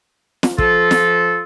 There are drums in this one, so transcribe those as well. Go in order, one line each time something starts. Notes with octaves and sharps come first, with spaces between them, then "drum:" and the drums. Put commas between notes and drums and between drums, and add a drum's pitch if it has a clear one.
drum: snare
F3 F4 A4, drum: kick
drum: snare